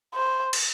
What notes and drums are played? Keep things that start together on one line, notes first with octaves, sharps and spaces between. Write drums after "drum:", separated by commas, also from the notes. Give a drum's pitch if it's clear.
C5
drum: cymbal